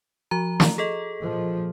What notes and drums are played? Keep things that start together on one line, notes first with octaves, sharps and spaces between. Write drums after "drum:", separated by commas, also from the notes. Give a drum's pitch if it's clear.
F3 F#4 A#5
drum: snare
G#4 A4 D#5
A#2 F3